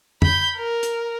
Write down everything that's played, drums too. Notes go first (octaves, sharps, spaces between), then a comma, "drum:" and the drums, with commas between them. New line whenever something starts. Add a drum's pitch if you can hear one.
B5 G6, drum: tom F2
A#4
drum: hi-hat